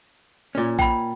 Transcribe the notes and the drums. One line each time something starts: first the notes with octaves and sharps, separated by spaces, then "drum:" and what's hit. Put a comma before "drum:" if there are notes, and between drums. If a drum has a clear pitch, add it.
A#2 C#4
G5 B5, drum: kick A#1